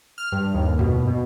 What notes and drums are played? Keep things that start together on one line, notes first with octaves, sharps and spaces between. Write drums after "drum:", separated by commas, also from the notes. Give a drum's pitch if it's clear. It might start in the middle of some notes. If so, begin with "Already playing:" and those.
F6
G2
D#2
B2, drum: tom E2
B2